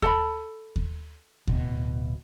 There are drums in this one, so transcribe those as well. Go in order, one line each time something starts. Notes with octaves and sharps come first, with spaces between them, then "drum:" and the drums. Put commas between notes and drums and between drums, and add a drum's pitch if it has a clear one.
A4 A5 B5, drum: kick D#2
drum: kick D#2
D1 B2, drum: kick D#2